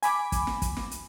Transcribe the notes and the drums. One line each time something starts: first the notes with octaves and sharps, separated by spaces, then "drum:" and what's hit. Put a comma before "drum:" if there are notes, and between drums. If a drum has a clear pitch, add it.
G#5 B5 D6, drum: hi-hat
drum: kick, hi-hat
drum: snare
drum: kick, hi-hat
drum: snare
drum: hi-hat